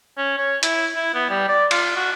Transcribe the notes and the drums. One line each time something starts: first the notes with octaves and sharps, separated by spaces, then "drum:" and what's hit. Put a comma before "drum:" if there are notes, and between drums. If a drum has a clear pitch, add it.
C#4
C#5
E4, drum: hi-hat
E4
B3
G3
D5
F4, drum: cymbal
F#4